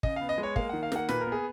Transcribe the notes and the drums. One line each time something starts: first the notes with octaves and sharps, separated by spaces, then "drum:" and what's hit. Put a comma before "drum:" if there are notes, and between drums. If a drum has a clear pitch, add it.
C#3 D#5, drum: kick
F5
B3
D#5
G#3
C#5
A#3 F5, drum: kick
D#3 F#5
F5
A#3 F#5, drum: snare
A#2 B4, drum: snare
A#4
B3
G#4